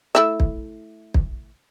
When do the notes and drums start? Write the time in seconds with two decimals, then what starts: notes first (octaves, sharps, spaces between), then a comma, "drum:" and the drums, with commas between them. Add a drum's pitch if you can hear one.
0.15 A3 E4 E5
0.40 drum: kick
1.14 drum: kick